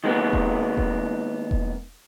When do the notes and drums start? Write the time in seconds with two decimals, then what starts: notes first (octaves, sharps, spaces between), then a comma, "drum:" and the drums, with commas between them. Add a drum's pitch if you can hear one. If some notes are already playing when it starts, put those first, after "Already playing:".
0.04 D#3 G#3 A#3 B3
0.33 drum: kick E1
0.77 drum: kick E1
1.51 drum: kick E1